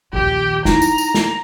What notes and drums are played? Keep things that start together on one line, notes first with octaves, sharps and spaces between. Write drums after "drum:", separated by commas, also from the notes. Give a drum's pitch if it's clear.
A#1 D#2 G4
D#4 E4 A#5, drum: snare
drum: tambourine
drum: tambourine
drum: snare